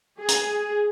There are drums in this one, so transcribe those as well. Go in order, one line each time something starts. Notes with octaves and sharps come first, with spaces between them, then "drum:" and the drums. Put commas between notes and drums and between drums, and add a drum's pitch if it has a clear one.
G#4
drum: hi-hat